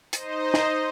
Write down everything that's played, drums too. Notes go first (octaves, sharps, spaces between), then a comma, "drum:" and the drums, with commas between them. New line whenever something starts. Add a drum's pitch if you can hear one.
D#4 C5 D#5, drum: hi-hat
drum: snare